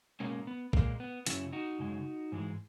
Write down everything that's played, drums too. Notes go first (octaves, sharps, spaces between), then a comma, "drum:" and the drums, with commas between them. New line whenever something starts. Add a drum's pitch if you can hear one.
B2 G#3 A#3 C#4
B3
A#2 G#3 A#3, drum: kick A#1
B3
F#2 C#3 F#3 C#4 E4, drum: hi-hat
D#4 F#4
F#2 C#3 G#3
G#2 E3 G#3